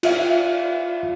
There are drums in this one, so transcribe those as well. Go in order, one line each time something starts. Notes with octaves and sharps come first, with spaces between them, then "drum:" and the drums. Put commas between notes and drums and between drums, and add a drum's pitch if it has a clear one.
F4 E5 F5, drum: cymbal